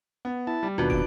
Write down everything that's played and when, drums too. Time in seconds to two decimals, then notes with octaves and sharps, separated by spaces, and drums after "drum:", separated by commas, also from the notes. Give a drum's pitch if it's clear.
0.25 B3
0.47 E4 A5
0.63 G3
0.78 D#2 B2 D4 F4 F#4 B4
0.90 D7, drum: kick